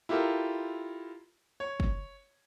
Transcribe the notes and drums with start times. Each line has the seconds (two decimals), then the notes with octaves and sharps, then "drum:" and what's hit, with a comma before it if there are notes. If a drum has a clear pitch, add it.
0.09 E4 F4 G4 A4 A#4
1.60 C#5
1.80 drum: kick